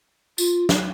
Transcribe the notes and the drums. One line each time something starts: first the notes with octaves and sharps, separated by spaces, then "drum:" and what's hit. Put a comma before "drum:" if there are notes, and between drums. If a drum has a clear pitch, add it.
F4, drum: tambourine
drum: snare